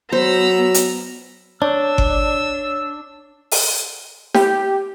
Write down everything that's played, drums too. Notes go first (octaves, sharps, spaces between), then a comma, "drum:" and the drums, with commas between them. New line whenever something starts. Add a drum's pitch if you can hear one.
F#3 B3 C5 A#5 B5 E6
drum: hi-hat
D4 C#5 E6
drum: kick G1
drum: open hi-hat
G4, drum: snare